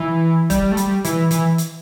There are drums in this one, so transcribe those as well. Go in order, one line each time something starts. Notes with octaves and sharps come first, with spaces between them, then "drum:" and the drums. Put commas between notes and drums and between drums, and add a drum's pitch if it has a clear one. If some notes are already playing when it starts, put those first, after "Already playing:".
Already playing: E3
G3, drum: kick, hi-hat
A3
G3, drum: hi-hat
E3, drum: hi-hat
E3, drum: hi-hat
drum: hi-hat